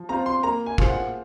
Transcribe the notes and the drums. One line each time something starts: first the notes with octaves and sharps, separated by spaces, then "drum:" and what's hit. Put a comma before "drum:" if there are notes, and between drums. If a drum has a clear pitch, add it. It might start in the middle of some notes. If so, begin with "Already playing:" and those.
Already playing: F3
C4 F4 C5 A#5
C6
A#3 A#5
G#5
F4 G#4 C5, drum: kick
F#5